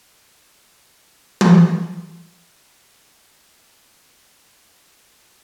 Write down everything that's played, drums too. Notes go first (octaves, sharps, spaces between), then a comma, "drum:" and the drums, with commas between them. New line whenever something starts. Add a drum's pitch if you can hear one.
C#3 G#3 A3 C#4 D#4 C#5
drum: tom
D#4
G#5
A#5
G#4
D5
D#4
A4